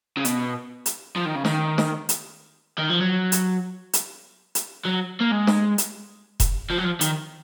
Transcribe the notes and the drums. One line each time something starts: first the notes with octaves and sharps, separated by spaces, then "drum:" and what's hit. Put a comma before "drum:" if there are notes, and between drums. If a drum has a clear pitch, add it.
C#3
B2, drum: hi-hat
drum: hi-hat
F3
D#3
C#3
D#3, drum: snare
drum: snare
drum: hi-hat
D#3
F3
F#3
drum: hi-hat
drum: hi-hat
drum: hi-hat
F#3
A#3
G#3
drum: snare
drum: hi-hat
drum: kick E1, hi-hat
F3
F#3
F3
D#3, drum: hi-hat